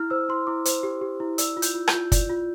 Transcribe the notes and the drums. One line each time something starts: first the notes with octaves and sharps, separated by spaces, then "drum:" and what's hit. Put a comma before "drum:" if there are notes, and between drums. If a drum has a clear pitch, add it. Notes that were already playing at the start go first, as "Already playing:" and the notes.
Already playing: E4 F6
C5 E6
E4 C6
E4 D6
C5, drum: hi-hat
G4
G4
E4
D5 E6, drum: hi-hat
F4
G6, drum: hi-hat
F4
G6, drum: rim click
F4
D5, drum: kick, hi-hat
F4